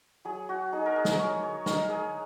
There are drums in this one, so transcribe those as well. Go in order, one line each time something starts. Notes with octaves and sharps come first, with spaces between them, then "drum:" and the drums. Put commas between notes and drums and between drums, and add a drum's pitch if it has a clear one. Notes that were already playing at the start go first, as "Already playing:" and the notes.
F#3 G#4
F#4
D#4 G#4
A#4
G#4
drum: snare
F#3 C#5
C#5
D#4 A#4, drum: snare
G#4